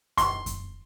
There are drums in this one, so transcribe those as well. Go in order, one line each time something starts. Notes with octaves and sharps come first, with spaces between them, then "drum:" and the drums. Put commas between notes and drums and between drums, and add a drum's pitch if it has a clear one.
C6, drum: kick F#2, hi-hat
drum: kick F#2, hi-hat